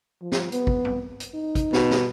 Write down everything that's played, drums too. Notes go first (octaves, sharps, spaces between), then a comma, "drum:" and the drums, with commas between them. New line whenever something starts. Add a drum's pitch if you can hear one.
F3
drum: snare
B3, drum: hi-hat
drum: kick
drum: tom G#2
drum: hi-hat
D#4
drum: kick, hi-hat
B2, drum: snare
drum: snare